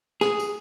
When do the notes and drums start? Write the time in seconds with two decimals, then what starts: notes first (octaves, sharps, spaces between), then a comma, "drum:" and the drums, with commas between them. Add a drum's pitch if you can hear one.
0.21 G#4, drum: snare
0.39 drum: tambourine